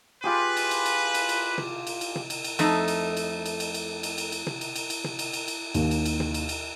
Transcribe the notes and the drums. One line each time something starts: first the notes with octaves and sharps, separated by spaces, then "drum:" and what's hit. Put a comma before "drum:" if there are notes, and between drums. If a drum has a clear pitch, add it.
F4 G4 G#4 B4
drum: cymbal
drum: cymbal
drum: cymbal
drum: cymbal
drum: cymbal
drum: tom
drum: cymbal
drum: cymbal
drum: tom
drum: cymbal
drum: cymbal
F2 A3 D#4, drum: cymbal
drum: cymbal
drum: cymbal
drum: cymbal
drum: cymbal
drum: cymbal
drum: cymbal
drum: cymbal
drum: cymbal
drum: tom
drum: cymbal
drum: cymbal
drum: cymbal
drum: tom
drum: cymbal
drum: cymbal
drum: cymbal
D#2, drum: cymbal
drum: cymbal
drum: cymbal
drum: tom
drum: cymbal
drum: cymbal